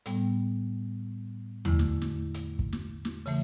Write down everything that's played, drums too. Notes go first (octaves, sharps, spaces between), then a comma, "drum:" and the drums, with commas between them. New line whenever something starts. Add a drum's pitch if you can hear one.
A2 G3 B3, drum: hi-hat
E2 D3 A3 E4, drum: tom D#2
drum: snare
drum: snare
drum: hi-hat
drum: kick
drum: snare
drum: snare
C#3 E3 A3, drum: open hi-hat